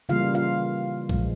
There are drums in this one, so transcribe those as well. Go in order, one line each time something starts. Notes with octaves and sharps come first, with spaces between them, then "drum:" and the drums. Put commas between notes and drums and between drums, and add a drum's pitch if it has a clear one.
C#3 E3 G3 A#3 F4 F5
F4 F5
A#2 F3 G#3, drum: kick A#1